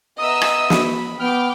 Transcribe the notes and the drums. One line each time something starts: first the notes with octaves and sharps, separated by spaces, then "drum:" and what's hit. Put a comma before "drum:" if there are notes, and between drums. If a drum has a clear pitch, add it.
B3 D#5 E5 A#5 D#6 E6
drum: rim click
B5, drum: snare
B3 G5 D6 F6